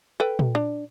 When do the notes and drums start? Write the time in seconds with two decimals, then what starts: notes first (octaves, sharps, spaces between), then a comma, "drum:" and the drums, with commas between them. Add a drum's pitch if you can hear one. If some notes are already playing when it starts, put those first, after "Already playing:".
0.20 A4 B4 G5
0.39 drum: tom A#2
0.55 D4